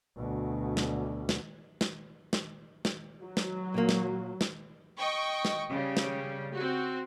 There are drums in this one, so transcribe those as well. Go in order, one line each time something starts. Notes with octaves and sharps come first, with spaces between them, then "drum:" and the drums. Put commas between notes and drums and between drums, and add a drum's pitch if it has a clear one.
D2 B2
drum: snare
drum: snare
drum: snare
drum: snare
drum: snare
F#3
drum: snare
A#2 A#3
drum: snare
drum: snare
D#5 G5 C#6
drum: snare
C#3 G3
drum: snare
C4 F#4